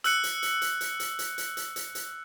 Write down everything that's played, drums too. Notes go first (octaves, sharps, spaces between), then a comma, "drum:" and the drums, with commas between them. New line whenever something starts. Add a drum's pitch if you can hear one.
E6 F#6 C#7, drum: hi-hat
drum: hi-hat
drum: hi-hat
drum: hi-hat
drum: hi-hat
drum: hi-hat
drum: hi-hat
drum: hi-hat
drum: hi-hat
drum: hi-hat
drum: hi-hat